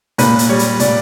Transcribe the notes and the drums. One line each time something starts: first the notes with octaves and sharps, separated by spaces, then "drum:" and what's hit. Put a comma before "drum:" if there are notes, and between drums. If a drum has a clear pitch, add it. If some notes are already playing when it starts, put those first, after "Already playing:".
A#2 B4, drum: hi-hat
drum: hi-hat
G3 C#5
drum: hi-hat
A#2 D5, drum: hi-hat